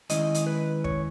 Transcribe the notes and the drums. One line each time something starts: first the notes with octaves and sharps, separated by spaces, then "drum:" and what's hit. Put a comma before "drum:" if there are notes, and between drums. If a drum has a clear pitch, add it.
D#3 G#3 C#4 E4 D#5, drum: hi-hat
drum: hi-hat
B4
C#5, drum: kick